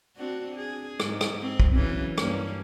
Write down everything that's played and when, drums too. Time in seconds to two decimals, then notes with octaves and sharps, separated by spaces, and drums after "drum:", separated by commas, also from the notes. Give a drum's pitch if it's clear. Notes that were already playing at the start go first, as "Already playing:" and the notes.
0.16 C4 D4 F#4
0.56 G#4
1.00 G#2, drum: rim click
1.21 drum: rim click
1.40 C4
1.60 drum: kick
1.75 C#3 E3 F#3
2.18 G2 A#3 C#4, drum: rim click